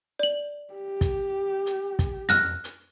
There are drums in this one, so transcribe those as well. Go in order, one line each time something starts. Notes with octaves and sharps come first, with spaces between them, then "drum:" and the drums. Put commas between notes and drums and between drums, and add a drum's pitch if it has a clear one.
D5 F#7
G4
drum: kick, hi-hat
drum: hi-hat
drum: kick, hi-hat
F6 F#6 A#6, drum: tom
drum: hi-hat